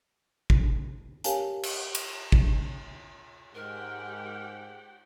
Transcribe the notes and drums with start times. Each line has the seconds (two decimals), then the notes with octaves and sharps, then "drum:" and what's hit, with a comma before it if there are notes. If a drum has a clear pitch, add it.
0.50 drum: kick
1.24 G4 A#4 C#5 F5 G#5 A5, drum: hi-hat
1.63 drum: cymbal
1.95 drum: cymbal
2.32 drum: kick
3.55 G#2 G4 A#4 F#5 G5